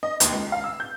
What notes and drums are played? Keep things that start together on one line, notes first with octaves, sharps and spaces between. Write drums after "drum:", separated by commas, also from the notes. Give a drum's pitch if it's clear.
D#5
D#2, drum: hi-hat
C#2
F5
E6
G6